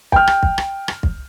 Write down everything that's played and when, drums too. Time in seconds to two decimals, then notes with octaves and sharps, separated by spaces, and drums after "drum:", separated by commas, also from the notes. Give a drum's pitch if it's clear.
0.12 G5 F6, drum: kick
0.27 drum: rim click
0.43 drum: kick
0.58 drum: rim click
0.88 drum: rim click
1.03 drum: kick